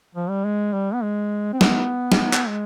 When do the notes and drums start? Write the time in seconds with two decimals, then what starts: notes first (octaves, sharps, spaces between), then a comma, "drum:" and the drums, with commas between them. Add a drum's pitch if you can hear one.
0.15 F3
0.29 G3
0.45 G#3
0.73 G3
0.94 B3
1.03 G#3
1.53 C4
1.61 B3, drum: snare
2.12 drum: snare
2.33 drum: clap
2.48 G#3